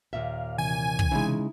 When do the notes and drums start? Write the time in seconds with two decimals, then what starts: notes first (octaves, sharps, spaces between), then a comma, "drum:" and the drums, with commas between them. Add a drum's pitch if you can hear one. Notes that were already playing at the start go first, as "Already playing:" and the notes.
0.13 D#2 A#2 E5 F5
0.58 C3 E3 G#5
0.99 drum: kick
1.12 C#3 G#3 D#4 E4